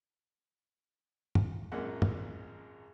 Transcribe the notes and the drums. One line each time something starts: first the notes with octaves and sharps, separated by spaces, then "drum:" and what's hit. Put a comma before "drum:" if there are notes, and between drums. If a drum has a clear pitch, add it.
drum: tom
G#1 F#2 A#2 G#3 A#3 F#5
drum: tom